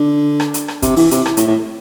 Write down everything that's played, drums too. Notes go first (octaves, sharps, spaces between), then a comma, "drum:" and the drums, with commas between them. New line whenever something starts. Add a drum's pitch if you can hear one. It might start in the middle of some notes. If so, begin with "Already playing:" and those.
Already playing: D3
drum: rim click
drum: hi-hat
drum: rim click
C3, drum: kick, hi-hat
E3, drum: open hi-hat
C3, drum: hi-hat
drum: rim click
A2, drum: hi-hat
A2